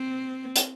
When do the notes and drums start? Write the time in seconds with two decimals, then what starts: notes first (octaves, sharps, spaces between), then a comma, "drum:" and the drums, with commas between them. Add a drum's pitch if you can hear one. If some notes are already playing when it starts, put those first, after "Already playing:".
Already playing: C4
0.56 drum: hi-hat